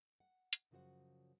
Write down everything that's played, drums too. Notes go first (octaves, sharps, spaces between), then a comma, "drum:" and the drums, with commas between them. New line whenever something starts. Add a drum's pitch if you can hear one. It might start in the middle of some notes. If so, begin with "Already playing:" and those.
F#5
drum: hi-hat
F#2 C#3 F3 F#4 C5 F#5